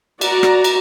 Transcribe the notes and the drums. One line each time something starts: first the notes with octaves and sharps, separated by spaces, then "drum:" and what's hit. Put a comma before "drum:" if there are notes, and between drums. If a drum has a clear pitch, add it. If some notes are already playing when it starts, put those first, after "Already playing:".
F#4 D5 A#5, drum: cymbal
drum: rim click
drum: cymbal